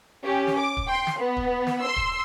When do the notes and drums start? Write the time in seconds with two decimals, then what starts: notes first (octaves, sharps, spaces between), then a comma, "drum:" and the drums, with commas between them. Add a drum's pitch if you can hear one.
0.23 C#4 G4
0.47 drum: snare
0.59 D6
0.77 drum: kick
0.88 G5 C6
1.07 drum: snare
1.18 B3
1.37 drum: kick
1.67 drum: snare
1.82 C6 E6
1.96 drum: kick